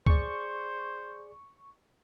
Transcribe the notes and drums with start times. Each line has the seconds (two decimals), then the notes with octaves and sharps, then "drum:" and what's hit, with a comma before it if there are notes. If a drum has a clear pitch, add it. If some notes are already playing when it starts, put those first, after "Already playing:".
0.06 G#4 C5 D5 C#6, drum: kick